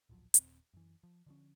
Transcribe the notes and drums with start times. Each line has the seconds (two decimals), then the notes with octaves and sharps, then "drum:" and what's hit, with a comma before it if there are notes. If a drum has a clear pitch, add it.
0.10 D1 A#1 F3 F#3
0.34 D#1 C4, drum: hi-hat
0.74 F#2 E3
1.03 F3
1.26 D3 F3 C#4